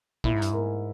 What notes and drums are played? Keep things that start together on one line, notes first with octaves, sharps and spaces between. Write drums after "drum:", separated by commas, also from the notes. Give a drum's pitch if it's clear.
A#2 E4, drum: kick
G#2
G2, drum: hi-hat
G#2 A#4